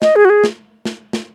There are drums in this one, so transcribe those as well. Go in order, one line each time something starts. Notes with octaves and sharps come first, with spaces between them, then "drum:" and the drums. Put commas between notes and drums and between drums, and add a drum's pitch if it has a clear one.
D#5, drum: snare
G#4
F#4
G#4
drum: snare
drum: snare
drum: snare